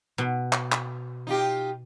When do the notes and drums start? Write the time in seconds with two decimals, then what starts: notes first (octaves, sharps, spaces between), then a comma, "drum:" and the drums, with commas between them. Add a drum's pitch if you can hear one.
0.18 B2
0.53 drum: clap
0.72 drum: clap
1.27 D#4 F4 G4